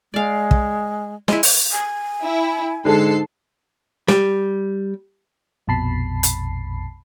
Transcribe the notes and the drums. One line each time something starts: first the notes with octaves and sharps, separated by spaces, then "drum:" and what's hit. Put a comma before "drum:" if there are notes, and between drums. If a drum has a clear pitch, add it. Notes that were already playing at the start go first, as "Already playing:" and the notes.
G#3 D5 F5
drum: kick
G#3 E4, drum: snare
drum: open hi-hat
G#5
E4
G#2 D3 G#3 A4 C7
G3, drum: snare
A#1 F2 B2 A5 B5 C7
drum: hi-hat